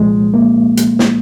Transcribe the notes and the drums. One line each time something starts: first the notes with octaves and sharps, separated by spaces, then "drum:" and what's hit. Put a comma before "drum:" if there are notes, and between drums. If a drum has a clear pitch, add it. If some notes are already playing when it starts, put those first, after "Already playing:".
Already playing: C2 A#2 F3 G#3
A#3
drum: hi-hat
drum: snare